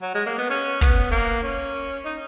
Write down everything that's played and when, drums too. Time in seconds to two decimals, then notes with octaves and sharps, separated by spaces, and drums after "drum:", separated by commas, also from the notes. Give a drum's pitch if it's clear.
0.02 F#3
0.14 G#3
0.26 A#3
0.38 B3
0.50 C#4
0.81 B3, drum: kick
1.11 A#3
1.43 C#4
2.05 D#4